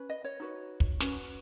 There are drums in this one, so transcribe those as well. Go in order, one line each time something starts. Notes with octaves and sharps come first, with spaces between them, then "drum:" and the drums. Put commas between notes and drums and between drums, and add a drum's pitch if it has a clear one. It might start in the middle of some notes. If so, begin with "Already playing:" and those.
Already playing: C#4 B4
D#5
C#5
D#4 F#4 B4
drum: kick
C#4 F#4 B4, drum: snare